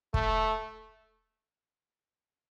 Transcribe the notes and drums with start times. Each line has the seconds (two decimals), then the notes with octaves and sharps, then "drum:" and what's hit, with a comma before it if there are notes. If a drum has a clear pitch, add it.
0.14 A3, drum: kick